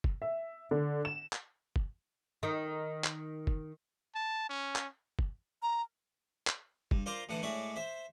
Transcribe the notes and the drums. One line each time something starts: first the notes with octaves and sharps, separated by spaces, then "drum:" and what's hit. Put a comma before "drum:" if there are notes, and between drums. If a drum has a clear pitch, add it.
drum: kick
E5
D3
E7
drum: clap
drum: kick
D#3
drum: clap
drum: kick
A5
C#4
drum: clap
drum: kick
A#5
drum: clap
G2, drum: kick
F4 A#4 C5 D5 A#5 C6
A2 D3 E3 F#5 A5
A2 G#3 C#5 D5 E5
C5 E5